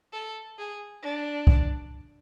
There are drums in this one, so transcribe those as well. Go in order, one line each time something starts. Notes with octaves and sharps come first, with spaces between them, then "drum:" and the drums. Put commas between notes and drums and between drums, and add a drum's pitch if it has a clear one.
A4
G#4
D4
drum: kick